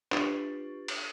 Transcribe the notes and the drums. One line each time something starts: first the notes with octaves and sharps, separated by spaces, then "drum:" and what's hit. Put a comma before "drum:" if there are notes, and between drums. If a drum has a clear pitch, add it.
D4 F4 G4 B4 C#6 A6, drum: clap
drum: cymbal